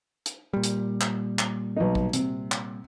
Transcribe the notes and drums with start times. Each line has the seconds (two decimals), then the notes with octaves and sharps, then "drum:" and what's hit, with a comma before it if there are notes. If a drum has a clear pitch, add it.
0.26 drum: hi-hat
0.53 A#2 G3
0.64 drum: hi-hat
1.01 drum: clap
1.39 drum: clap
1.76 B1 D#4
1.95 drum: kick
2.13 C3, drum: hi-hat
2.52 drum: clap